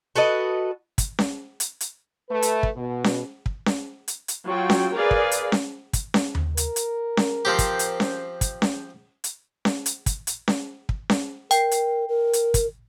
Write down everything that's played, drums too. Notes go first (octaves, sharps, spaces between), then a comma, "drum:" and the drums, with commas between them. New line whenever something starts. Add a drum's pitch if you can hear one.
F#4 A4 B4 D#5
drum: kick, hi-hat
drum: snare C#4
drum: hi-hat
drum: hi-hat
A3 B4
drum: hi-hat
drum: kick
B2
drum: snare C#4
drum: kick
drum: snare C#4
drum: hi-hat
drum: hi-hat
F#3 F4 G5
drum: snare C#4
G#4 A#4 B4 D5 F5
drum: kick
drum: hi-hat
drum: snare C#4
drum: kick, hi-hat
drum: snare C#4
drum: tom D#2
A#4, drum: hi-hat
drum: hi-hat
drum: snare C#4
F3 C4 G4
drum: kick, hi-hat
drum: hi-hat
drum: snare C#4
drum: kick, hi-hat
drum: snare C#4
drum: hi-hat
drum: snare C#4
drum: hi-hat
drum: kick, hi-hat
drum: hi-hat
drum: snare C#4
drum: kick
drum: snare C#4
A#4 G5, drum: hi-hat
drum: hi-hat
A#4
drum: hi-hat
drum: kick, hi-hat